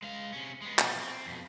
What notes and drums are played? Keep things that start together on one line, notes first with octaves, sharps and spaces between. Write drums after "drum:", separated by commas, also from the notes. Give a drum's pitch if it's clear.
G#3 F5
C3 C#4
G#3 B3
B2 F3, drum: clap
C4
F2 B2